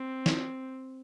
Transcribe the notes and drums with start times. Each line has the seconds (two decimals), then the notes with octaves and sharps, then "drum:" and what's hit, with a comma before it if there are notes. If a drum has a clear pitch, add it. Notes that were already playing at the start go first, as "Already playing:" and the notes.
Already playing: C4
0.26 drum: snare